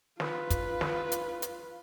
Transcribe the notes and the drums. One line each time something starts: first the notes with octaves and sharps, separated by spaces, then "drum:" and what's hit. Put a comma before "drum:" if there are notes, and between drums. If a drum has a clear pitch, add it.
F4 B4, drum: snare
drum: kick, hi-hat
drum: snare
drum: hi-hat
drum: hi-hat